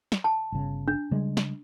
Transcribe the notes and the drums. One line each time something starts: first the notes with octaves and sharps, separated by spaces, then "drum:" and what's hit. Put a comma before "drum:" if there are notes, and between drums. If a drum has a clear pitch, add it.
drum: snare
A5
G1 C#3
D4
C#3 G3 G#3
drum: snare